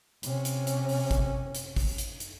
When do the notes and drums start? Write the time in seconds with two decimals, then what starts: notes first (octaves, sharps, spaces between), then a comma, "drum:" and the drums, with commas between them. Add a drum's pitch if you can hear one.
0.23 C3 C#4, drum: hi-hat
0.45 drum: hi-hat
0.67 drum: hi-hat
0.89 drum: open hi-hat
1.11 drum: kick, hi-hat
1.55 drum: hi-hat
1.76 drum: kick, open hi-hat
1.98 drum: hi-hat
2.20 drum: hi-hat